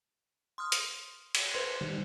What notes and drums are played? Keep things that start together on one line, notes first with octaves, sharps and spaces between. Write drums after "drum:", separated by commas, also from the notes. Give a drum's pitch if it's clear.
C6 D#6 F6
drum: hi-hat
drum: cymbal
B4 C5 C6
D#3 G3